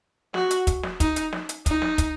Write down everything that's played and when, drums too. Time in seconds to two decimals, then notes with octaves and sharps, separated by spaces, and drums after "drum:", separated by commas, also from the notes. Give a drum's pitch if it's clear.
0.34 F#4, drum: snare
0.51 drum: hi-hat
0.67 drum: kick, hi-hat
0.83 drum: snare
1.00 D#4, drum: kick, hi-hat
1.16 drum: hi-hat
1.33 drum: snare
1.49 drum: hi-hat
1.66 D#4, drum: kick, hi-hat
1.82 drum: snare
1.98 drum: kick, hi-hat